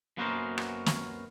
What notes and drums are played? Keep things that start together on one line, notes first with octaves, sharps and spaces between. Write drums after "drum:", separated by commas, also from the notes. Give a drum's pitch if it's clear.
F#2 A#3 B3 F#4 A#4 C5
drum: rim click
drum: snare